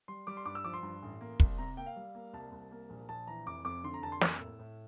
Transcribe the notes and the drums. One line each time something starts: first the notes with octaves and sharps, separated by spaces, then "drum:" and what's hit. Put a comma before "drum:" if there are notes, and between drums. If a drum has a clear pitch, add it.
G3 C6
G3 D6
C6
G2 D6
E6
F3 D6
C6
G2
A1
A#3
C2, drum: kick
C3 A#5
A#3 G5
F5
G3
A#3
C2 A5
C2
A#3
A#1
A#1 A5
E3 A#5
F1 D6
F2 D6
D3 C6
A#5
F1 A5
C6
A#3 E6, drum: snare
A2
A2